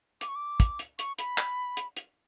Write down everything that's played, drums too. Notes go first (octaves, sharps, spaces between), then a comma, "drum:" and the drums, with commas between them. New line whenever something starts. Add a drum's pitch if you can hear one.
D6, drum: hi-hat
C#6
D6
drum: kick, hi-hat
drum: hi-hat
C#6, drum: hi-hat
B5, drum: hi-hat
drum: clap
drum: hi-hat
drum: hi-hat